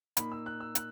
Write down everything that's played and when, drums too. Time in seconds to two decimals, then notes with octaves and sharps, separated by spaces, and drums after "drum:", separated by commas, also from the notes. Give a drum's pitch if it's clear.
0.17 A#2 A#3 D#4 B5, drum: hi-hat
0.32 E6
0.46 F#6
0.60 E6
0.75 F#6, drum: hi-hat